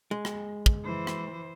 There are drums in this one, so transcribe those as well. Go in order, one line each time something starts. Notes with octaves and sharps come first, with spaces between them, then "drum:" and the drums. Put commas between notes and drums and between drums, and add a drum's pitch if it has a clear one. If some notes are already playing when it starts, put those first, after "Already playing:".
G#3
drum: rim click
drum: kick
E3 C5
drum: rim click